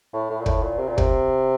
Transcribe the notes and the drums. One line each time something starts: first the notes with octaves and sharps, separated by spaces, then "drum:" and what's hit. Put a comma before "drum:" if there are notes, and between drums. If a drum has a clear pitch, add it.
A2
A2
A#2
A2, drum: kick
A#2
C3
A#2
C3, drum: kick